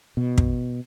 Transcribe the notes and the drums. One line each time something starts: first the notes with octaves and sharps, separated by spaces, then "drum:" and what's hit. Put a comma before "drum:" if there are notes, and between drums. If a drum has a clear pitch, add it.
B2
drum: kick